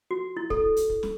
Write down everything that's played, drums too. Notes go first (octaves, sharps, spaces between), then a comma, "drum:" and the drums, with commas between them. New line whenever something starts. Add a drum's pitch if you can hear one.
F#4
E4
A4, drum: kick
drum: hi-hat
drum: kick
drum: snare